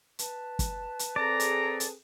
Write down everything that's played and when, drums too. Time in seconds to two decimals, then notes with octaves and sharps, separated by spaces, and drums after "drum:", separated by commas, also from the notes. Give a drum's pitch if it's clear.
0.19 B4 A5, drum: hi-hat
0.59 drum: kick, hi-hat
0.99 drum: hi-hat
1.16 C4 G#4 A4 D5 A#5
1.40 drum: hi-hat
1.80 drum: hi-hat